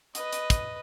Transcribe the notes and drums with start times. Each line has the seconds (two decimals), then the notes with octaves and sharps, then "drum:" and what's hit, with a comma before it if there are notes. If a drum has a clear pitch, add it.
0.15 B4 D#5, drum: hi-hat
0.32 drum: hi-hat
0.50 drum: kick, hi-hat